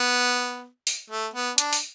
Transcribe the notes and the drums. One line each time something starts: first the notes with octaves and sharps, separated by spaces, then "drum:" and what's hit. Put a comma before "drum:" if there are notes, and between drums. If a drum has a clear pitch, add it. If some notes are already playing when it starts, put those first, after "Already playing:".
Already playing: B3
drum: open hi-hat
A3
B3
D4, drum: hi-hat
drum: open hi-hat